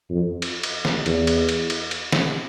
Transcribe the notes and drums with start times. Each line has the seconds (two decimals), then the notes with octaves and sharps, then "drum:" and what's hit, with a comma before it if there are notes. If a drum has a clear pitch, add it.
0.10 F2
0.42 drum: cymbal
0.63 drum: cymbal
0.85 drum: snare
1.06 E2, drum: cymbal
1.27 drum: cymbal
1.49 drum: cymbal
1.70 drum: cymbal
1.91 drum: cymbal
2.12 drum: snare